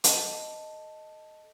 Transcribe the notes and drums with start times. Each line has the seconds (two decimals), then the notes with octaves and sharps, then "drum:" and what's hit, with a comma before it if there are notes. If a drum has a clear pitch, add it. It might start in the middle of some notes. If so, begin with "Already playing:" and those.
0.04 A4 D#5 A5, drum: hi-hat